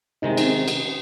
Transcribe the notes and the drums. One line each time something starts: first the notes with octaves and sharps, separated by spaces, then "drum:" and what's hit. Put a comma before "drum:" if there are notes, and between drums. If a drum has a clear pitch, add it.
C3 D#3 G#3 D#4
C4, drum: cymbal
drum: cymbal